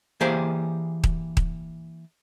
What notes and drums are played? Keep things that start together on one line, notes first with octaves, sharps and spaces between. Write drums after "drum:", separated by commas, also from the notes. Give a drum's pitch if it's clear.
E3 A#3 G4 G#4 C5 D5
drum: kick D#1
drum: kick D#1